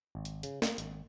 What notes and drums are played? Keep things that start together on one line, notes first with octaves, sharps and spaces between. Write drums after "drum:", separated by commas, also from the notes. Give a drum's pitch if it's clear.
G#1
drum: hi-hat
C#3, drum: hi-hat
A#3, drum: snare
G#1, drum: hi-hat